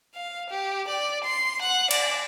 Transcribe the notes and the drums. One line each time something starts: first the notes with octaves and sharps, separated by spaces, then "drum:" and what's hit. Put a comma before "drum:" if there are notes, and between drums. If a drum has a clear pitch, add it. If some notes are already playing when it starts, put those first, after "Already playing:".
F5
G4
D5
C6
F#5
D5, drum: cymbal